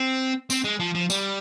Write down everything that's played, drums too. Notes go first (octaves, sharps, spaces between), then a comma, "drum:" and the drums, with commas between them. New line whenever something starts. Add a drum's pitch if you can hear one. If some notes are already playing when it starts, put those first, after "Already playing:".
Already playing: C4
C4, drum: tambourine
G#3
F3
F3
G3, drum: tambourine